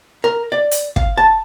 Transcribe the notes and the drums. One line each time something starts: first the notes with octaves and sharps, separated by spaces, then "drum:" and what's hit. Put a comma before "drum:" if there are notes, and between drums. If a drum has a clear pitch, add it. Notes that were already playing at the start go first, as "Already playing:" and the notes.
A#4
D5
drum: hi-hat
F5, drum: kick
A5